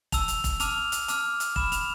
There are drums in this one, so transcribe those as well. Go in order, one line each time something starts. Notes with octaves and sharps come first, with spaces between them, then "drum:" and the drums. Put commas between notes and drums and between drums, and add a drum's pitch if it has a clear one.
A5 E6 F7, drum: kick, hi-hat
drum: hi-hat
drum: kick, hi-hat
A5 D6 F6 F7, drum: hi-hat
drum: hi-hat
A5 D6 F6, drum: hi-hat
drum: hi-hat
B5 D6 F6 E7, drum: kick
F7, drum: hi-hat